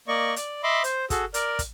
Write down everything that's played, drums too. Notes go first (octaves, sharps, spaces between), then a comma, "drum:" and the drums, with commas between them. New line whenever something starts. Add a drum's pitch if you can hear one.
A#3 D5 D#5 C#6
D5, drum: hi-hat
D#5 E5 B5 C6 D6
C5, drum: hi-hat
F#4 G#4 A4, drum: kick, hi-hat
A#4 D5, drum: hi-hat
drum: kick, hi-hat